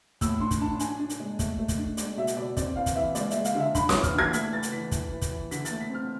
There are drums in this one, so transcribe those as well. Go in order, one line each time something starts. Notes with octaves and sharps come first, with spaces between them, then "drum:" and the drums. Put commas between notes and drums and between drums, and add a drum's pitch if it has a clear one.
A2 E6, drum: kick, hi-hat
D4 C6
drum: kick, hi-hat
D4 A5
D4 G#5, drum: hi-hat
D4
drum: hi-hat
G#3
A3, drum: kick, hi-hat
A3
drum: kick, hi-hat
D4
G#3 D5, drum: hi-hat
B2 E5
drum: hi-hat
B2 D5
C4 D5, drum: kick, hi-hat
E3 F5
drum: kick, hi-hat
E3 E5
G#3 D5, drum: hi-hat
E5, drum: hi-hat
G#3
F5, drum: hi-hat
D3 E5
D4 B5, drum: kick, hi-hat
D6, drum: snare
E3
F6, drum: kick, hi-hat
D4 G#6
A3 B6, drum: hi-hat
E3 A6
drum: hi-hat
E3 B6
E3, drum: kick, hi-hat
E3
drum: kick, hi-hat
E3
D3 B6, drum: hi-hat
A6, drum: hi-hat
A3
B6
C4 F6